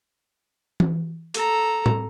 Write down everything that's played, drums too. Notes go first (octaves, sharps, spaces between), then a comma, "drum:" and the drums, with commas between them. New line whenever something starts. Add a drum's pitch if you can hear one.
drum: tom E3
A4 A#5, drum: hi-hat
drum: tom A2